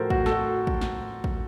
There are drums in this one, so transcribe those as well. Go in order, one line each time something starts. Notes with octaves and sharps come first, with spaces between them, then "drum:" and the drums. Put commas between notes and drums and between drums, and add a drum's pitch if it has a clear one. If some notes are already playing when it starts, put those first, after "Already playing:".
Already playing: A2 F3 F#4 A4 A#4 C5
F#4, drum: kick
A4, drum: snare
F#4
drum: kick
drum: snare
drum: kick